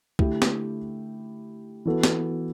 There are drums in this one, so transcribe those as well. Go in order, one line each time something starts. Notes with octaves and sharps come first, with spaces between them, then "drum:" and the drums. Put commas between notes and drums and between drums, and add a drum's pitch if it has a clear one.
D3 A3 E4 G4, drum: kick
drum: snare
E3 B3 F#4 A4
drum: snare